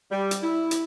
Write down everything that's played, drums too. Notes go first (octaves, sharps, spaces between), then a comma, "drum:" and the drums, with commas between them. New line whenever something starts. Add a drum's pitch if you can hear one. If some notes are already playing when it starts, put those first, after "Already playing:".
G3
drum: hi-hat
E4
drum: hi-hat